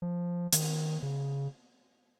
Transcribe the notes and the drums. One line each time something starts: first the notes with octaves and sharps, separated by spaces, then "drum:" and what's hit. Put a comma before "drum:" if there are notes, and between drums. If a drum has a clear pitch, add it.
F3
D#3, drum: hi-hat
C#3